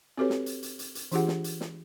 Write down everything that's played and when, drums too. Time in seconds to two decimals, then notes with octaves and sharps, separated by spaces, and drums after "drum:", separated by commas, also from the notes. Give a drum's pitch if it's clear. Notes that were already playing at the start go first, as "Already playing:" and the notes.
0.18 C4 F#4 G4 A4 B4 C#5
0.30 drum: snare
0.46 drum: hi-hat
0.63 drum: hi-hat
0.79 drum: hi-hat
0.95 drum: hi-hat
1.12 E3 D4 F4 G4 G#4 F#5, drum: hi-hat
1.28 drum: snare
1.44 drum: hi-hat
1.61 drum: snare